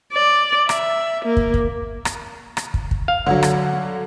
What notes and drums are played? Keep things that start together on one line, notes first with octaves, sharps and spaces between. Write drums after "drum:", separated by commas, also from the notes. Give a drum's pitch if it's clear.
D5
E5, drum: rim click
A#3
drum: kick
drum: kick
drum: rim click
drum: rim click
drum: kick
drum: kick
F5
D3 F#3
drum: rim click